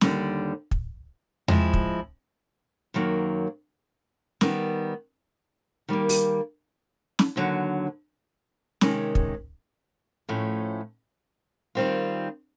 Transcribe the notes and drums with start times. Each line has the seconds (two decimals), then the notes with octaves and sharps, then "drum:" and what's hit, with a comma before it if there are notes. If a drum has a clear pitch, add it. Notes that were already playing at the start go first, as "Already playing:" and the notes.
0.01 D#2 D3 G3, drum: snare
0.71 drum: kick
1.48 F3 G#3 C4 E4, drum: tom E2
1.73 drum: kick
2.94 F#2 D#3 F#3 A#3
4.41 D#3 G3 B3, drum: snare
5.88 D#3 G3 A#3
6.09 drum: open hi-hat
7.19 drum: snare
7.36 D#2 D3 F#3
8.81 C3 D#3 G#3 C#4, drum: snare
9.15 drum: kick
10.29 A2 F3 A3 C#4
11.75 D#3 G3 C4 F4